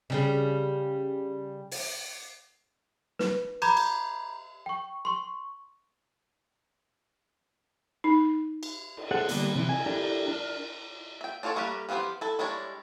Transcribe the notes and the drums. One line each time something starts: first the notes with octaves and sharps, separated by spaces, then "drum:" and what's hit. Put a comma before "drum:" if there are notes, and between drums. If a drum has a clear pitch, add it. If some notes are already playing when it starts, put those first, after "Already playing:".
C#3 G3 G#4
drum: open hi-hat
B4, drum: snare
A#5 B5 D6 G6 G#6, drum: cymbal
drum: cymbal
G5 C#6
C6 C#6
D#4
drum: cymbal
drum: cymbal
G#4 A4 C5 F#5
D3 G3 A#3 B3 D4, drum: hi-hat
C3 E3 E4
G#5, drum: cymbal
D4 E4 G4 A4 A#4
D4 A#4
E5 G5
D4 F4 A4 C#5 D5
G3 A3 A#3 G4 B4
E3 F3 B3 G4 C5
E4 A4
G3 G#3 D4 E4 C#5